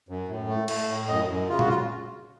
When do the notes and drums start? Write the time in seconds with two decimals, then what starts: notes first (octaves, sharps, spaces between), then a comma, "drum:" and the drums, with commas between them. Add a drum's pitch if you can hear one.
0.09 F#2
0.28 A2
0.48 A3
0.68 A3, drum: cymbal
0.89 A2
1.08 F#2 D#5
1.29 F#2
1.49 C#3 F4
1.59 F#4, drum: tom A#2
1.69 F4